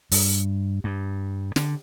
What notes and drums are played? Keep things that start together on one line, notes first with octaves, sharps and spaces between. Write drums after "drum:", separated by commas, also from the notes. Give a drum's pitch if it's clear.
G2, drum: open hi-hat
G2
D3, drum: snare